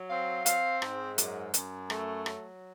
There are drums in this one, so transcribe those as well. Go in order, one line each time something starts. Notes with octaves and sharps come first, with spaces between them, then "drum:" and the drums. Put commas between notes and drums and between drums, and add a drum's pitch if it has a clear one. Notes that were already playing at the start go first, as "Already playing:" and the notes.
Already playing: F#3
C4 F5
C4 F5, drum: hi-hat
G#2, drum: rim click
F#2, drum: hi-hat
F#2, drum: hi-hat
A3, drum: rim click
F#3, drum: rim click